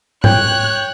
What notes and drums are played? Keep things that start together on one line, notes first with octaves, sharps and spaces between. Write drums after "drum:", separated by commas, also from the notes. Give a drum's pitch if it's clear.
C#5 G5 F#6, drum: tom G#2